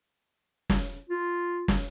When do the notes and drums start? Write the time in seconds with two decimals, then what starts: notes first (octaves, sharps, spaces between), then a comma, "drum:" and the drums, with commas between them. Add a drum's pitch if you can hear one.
0.70 drum: snare
1.09 F4
1.68 drum: snare